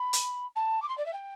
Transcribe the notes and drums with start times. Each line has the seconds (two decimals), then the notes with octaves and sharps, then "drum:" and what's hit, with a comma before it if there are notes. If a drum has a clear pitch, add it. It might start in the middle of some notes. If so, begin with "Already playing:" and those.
Already playing: B5
0.13 drum: hi-hat
0.55 A5
0.82 D6
0.88 C6
0.97 D5
1.05 E5
1.13 G5